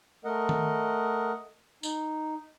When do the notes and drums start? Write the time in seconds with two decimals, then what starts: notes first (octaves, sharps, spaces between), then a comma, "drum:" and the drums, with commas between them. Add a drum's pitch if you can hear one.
0.25 A3 A#4 D#5 F#5
0.49 drum: tom D#3
1.83 D#4, drum: tambourine